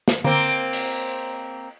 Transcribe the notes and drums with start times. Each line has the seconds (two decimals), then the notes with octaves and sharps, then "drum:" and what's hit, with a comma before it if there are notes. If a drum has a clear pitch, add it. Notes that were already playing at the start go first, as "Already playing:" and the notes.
0.08 drum: snare
0.24 A#3 C4, drum: tom D3
0.51 drum: hi-hat
0.73 drum: cymbal